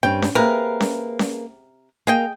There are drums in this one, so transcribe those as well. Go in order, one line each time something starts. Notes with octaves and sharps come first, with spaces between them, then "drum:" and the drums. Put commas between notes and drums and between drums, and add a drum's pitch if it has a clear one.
G2 C4 C#4 G5
drum: snare C#4
C3 A#3 G#4 A#4 B4
drum: snare C#4
drum: snare C#4
A#3 G#4 D#5 G5